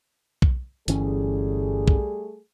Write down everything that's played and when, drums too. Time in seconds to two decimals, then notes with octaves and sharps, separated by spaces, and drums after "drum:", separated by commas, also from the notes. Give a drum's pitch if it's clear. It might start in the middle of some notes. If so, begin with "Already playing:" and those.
0.42 drum: kick B1
0.88 G1 E3 G3 A3 C#4 G#4, drum: hi-hat
1.88 drum: kick B1